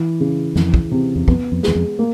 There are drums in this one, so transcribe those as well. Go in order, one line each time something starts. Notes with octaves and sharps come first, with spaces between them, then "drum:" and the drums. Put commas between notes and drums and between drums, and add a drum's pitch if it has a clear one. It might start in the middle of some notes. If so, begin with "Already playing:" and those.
Already playing: E3
C#3
F2 E3, drum: snare
drum: kick
C3
E2
F2 B3, drum: kick
F2
E2 G#3, drum: snare
F2
A#3